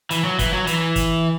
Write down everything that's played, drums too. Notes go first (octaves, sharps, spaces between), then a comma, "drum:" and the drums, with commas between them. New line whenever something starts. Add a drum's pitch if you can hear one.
E3, drum: hi-hat
F#3
E3, drum: kick, hi-hat
F#3
E3, drum: hi-hat
drum: kick, hi-hat